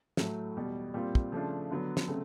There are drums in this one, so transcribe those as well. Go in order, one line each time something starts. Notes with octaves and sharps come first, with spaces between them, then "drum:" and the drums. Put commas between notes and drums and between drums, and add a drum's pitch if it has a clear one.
A2 F#3 A3, drum: snare
E2 B2 G3
A#2 G3 C4 F4
drum: kick
C#3 F3 A3 D4 F4
D3 F#3 B3
drum: snare
C#3 F#3 A3 C4